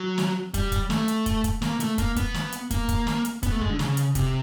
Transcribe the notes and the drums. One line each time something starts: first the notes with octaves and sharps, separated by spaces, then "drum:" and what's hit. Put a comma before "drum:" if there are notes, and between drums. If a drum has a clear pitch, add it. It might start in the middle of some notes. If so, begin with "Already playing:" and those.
Already playing: F#3
drum: snare
G3, drum: kick, hi-hat
drum: kick, hi-hat
A3, drum: snare
drum: hi-hat
drum: kick, hi-hat
drum: kick, hi-hat
A#3, drum: snare
A3, drum: hi-hat
A#3, drum: kick, hi-hat
B3, drum: kick, hi-hat
drum: snare
drum: hi-hat
A#3, drum: kick, hi-hat
drum: kick, hi-hat
drum: snare
drum: hi-hat
B3, drum: kick, hi-hat
A3
G#3, drum: kick
D3
C#3, drum: snare
drum: hi-hat
C3, drum: kick, hi-hat